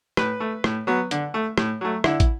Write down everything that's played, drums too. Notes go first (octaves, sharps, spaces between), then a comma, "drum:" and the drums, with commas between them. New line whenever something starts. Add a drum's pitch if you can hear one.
A2 B4, drum: rim click
A3
A2, drum: rim click
F#3 B3
D3, drum: hi-hat
A3
A2, drum: rim click
F#3 A3
D3 E4, drum: rim click
drum: kick, hi-hat